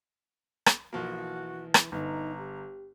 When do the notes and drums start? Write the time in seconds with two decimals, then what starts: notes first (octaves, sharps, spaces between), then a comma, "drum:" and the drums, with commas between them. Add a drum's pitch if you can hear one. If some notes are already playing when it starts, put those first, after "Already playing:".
0.66 drum: rim click
0.93 B1 E3 F3 A#3 F#4
1.74 drum: rim click
1.92 G1 D#4 A#5
2.40 G4